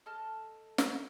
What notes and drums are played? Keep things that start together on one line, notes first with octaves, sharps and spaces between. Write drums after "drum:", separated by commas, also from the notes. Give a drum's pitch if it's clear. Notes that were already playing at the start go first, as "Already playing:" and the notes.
A4 D#5 A5 F6
drum: snare